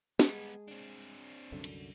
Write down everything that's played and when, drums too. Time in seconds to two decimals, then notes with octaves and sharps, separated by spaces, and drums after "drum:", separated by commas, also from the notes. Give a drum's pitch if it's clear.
0.20 G3 G#3 B3 G#4 G#5 A5, drum: snare
0.68 C4 D4
1.52 C2 F#2 D3
1.64 drum: cymbal